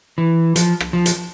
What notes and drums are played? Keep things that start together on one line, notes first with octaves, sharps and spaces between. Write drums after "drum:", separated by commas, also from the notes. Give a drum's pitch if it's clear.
E3
F3, drum: hi-hat
drum: rim click
F3
drum: hi-hat